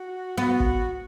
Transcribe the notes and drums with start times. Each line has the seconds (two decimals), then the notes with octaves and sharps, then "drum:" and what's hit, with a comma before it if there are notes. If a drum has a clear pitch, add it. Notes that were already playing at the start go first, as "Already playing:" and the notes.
Already playing: F#4
0.38 B3 F#4
0.60 drum: kick